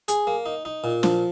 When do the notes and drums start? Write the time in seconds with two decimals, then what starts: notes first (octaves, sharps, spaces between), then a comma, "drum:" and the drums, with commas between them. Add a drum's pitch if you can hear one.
0.08 G#4, drum: hi-hat
0.27 A#3
0.46 D#4
0.65 D#4
0.84 A#2
1.03 F3, drum: snare